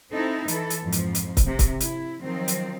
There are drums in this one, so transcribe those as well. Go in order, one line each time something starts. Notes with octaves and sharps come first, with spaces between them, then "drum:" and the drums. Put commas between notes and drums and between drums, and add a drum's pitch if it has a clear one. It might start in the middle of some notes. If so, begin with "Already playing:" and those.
C4 D#4 E4 A4
E3 A4, drum: hi-hat
drum: hi-hat
F2 G#2 F3
drum: hi-hat
drum: hi-hat
drum: kick, hi-hat
C3
drum: kick, hi-hat
E4, drum: hi-hat
D#3 F3 F#3 C4
drum: hi-hat